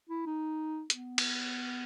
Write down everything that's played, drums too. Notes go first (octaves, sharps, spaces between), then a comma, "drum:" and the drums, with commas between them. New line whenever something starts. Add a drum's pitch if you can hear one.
E4
D#4
B3, drum: hi-hat
drum: cymbal